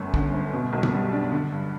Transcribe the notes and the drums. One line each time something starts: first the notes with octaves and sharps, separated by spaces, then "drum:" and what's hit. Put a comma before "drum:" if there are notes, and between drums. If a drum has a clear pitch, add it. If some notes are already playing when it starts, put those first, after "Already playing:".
Already playing: G1 F#2 A3
D3, drum: kick
G1
B2
B1
drum: tom
G3
D4
D3
G2